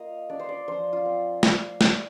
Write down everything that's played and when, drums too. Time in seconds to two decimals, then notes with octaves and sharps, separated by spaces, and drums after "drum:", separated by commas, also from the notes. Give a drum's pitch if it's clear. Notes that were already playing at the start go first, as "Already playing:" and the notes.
Already playing: A#3 F4 D#5 F5
0.30 D4 D5
0.39 C5
0.49 D5
0.68 F3 C5
0.93 F4
1.05 C4
1.43 drum: snare
1.81 drum: snare